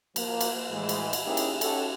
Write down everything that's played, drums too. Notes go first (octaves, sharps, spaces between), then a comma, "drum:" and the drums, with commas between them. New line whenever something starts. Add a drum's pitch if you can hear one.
F3 A#3, drum: cymbal
drum: cymbal
A2 E3 G#3
drum: cymbal
drum: cymbal
A#3 C#4 D#4 E4 G4 G#4
drum: cymbal
C#4 D#4 F#4 G4 A4, drum: cymbal